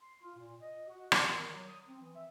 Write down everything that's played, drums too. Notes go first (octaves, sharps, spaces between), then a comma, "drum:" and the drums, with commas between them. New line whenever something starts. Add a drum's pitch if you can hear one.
C6
F4
A#2
D#5
F#4
D5, drum: rim click
D#3
F#3
D#6
C4
E3
E5